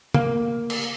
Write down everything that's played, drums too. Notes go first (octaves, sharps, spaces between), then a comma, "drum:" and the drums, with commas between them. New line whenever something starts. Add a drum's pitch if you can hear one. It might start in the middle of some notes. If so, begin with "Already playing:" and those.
A#3, drum: tom
drum: cymbal